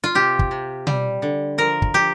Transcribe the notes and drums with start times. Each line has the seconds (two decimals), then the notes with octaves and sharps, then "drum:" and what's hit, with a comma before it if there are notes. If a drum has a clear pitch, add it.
0.04 F4
0.15 C3 G4
0.39 drum: kick
0.51 C3
0.87 G3, drum: tom B2
1.22 D3
1.58 F3 A#4
1.82 drum: kick
1.94 F3 G4